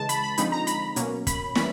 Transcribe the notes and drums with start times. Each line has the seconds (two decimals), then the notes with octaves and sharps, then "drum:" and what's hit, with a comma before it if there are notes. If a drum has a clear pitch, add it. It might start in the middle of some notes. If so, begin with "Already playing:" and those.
Already playing: C#3 E3 G#3 A5
0.09 B5, drum: hi-hat
0.23 B5
0.38 D3 F3 G#3 C4 D#4 B5, drum: hi-hat
0.52 A#5
0.67 B5, drum: hi-hat
0.96 B2 F#3 A#3 C#4, drum: hi-hat
1.27 B5, drum: kick, hi-hat
1.55 E3 G3 A#3 C#4 B5, drum: snare